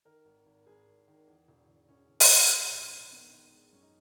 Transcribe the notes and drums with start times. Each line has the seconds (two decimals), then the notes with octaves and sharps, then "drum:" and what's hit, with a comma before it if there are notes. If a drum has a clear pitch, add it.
0.05 D#3 A#4
0.25 G#1
0.46 G#1
0.67 G#1 G#4
0.87 G#1
1.08 D#3
1.27 E2
1.48 E1
1.68 E1
1.88 E1 C#4
2.09 E1
2.20 drum: open hi-hat
2.29 E1
2.51 G#3
2.71 A#1
2.91 G#2
3.11 D#3 B3
3.33 D#3
3.52 G#3
3.73 F#2 C#4
3.82 D#4